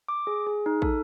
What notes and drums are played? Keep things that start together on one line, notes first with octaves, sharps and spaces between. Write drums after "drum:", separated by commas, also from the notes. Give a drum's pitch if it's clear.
D6
G#4
G#4
D#4
A4, drum: kick